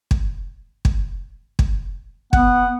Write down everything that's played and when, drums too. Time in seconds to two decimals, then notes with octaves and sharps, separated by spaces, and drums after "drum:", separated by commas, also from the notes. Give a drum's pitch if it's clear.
0.11 drum: kick
0.85 drum: kick
1.59 drum: kick
2.33 B3 F#5, drum: kick